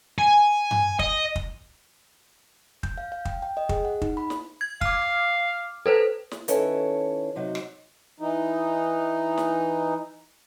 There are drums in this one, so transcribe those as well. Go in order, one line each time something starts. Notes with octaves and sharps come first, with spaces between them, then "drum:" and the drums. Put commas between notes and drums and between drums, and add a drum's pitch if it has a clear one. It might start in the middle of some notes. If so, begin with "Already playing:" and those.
G#5
drum: tom G2
D#5, drum: kick
drum: kick
G6, drum: kick
F5
F5
G5, drum: kick
G5
D#5
G#4, drum: kick
F#5
D#4, drum: kick
B5
drum: snare
G#6
F5 D6 F6, drum: kick
A4 B4 C5
drum: snare
D#3 C#4 E4 A4 B4 C#5, drum: hi-hat
C3 F#3 D#4 F#4
drum: rim click
E3 D#4
drum: snare